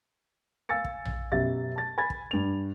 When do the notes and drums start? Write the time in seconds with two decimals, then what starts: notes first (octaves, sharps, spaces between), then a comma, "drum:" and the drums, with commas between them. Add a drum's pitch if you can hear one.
0.69 F5 G#5 E6 A6 C#7
0.84 drum: kick
1.05 drum: tom A#1
1.32 F#2 B2 G4 E5 A6
1.76 A5 A6
1.98 G#5 B5 G#6 A6
2.10 drum: kick
2.31 G2 F7